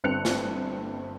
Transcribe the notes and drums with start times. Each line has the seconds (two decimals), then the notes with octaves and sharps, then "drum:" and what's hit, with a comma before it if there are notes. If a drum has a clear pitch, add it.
0.04 G1 G2 C4 F#6 C#7 F7
0.25 drum: snare